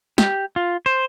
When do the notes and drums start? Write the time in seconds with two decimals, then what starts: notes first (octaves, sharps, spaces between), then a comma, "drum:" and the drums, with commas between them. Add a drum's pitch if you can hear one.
0.18 G4, drum: snare
0.56 F4
0.86 C5